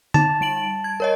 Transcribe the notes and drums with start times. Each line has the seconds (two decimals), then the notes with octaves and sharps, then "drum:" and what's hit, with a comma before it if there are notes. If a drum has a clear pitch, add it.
0.14 D#4 A5, drum: tom D3
0.41 G3 D7 F#7
0.84 G#6
1.00 A#4 C#5 D#5